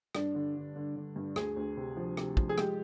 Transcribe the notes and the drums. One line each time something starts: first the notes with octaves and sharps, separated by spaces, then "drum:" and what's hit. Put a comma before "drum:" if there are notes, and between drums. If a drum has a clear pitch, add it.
G2 D4, drum: rim click
D3
D3
D3
D3
G2
D2 G#4, drum: rim click
D2
C3
F3
C3, drum: rim click
F3, drum: kick
G#4
G#3 G4, drum: rim click